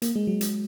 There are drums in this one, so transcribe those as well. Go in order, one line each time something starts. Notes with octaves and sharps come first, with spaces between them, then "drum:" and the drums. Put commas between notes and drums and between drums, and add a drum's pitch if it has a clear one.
A#3, drum: hi-hat
G#3
F#3
drum: hi-hat